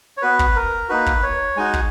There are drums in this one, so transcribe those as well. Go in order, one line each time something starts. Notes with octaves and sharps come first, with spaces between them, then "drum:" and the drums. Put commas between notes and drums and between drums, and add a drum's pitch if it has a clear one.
C#5
B3 F#4 B4
drum: kick
A#4
A#3 D#4 F#4 B4
drum: kick
C#5
G#3 D#4 F#4 G#5
drum: kick